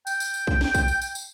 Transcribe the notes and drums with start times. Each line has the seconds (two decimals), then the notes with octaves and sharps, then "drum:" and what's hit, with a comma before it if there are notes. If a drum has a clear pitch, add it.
0.07 G5, drum: tambourine
0.20 drum: tambourine
0.34 drum: tambourine
0.47 drum: kick
0.61 drum: snare
0.74 drum: kick, tambourine
0.88 drum: tambourine
1.02 drum: tambourine
1.15 drum: tambourine